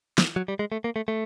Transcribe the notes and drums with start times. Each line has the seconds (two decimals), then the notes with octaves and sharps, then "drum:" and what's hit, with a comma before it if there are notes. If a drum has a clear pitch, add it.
0.18 drum: snare
0.36 F#3
0.48 G3
0.59 G#3
0.72 A3
0.84 A#3
0.96 A3
1.08 A3